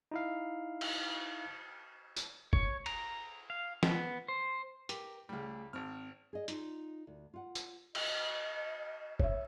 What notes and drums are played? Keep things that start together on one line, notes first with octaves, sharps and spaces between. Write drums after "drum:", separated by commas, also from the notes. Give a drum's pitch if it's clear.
D#4 E4 F5
drum: cymbal
drum: tambourine
C#5, drum: kick
A#5, drum: cymbal
F5
B3, drum: snare
C5
G4 A#4, drum: hi-hat
C#2 G3 A3 G#4
G#1 C4 F6
G#4 D#5
D#4 F4, drum: hi-hat
D2
F4 F#5
drum: tambourine
D#5, drum: cymbal
C#5 E5, drum: kick